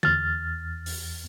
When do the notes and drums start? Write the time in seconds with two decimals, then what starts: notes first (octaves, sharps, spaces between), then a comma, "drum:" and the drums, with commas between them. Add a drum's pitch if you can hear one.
0.03 E2 F6 A6, drum: tom D3
0.86 drum: open hi-hat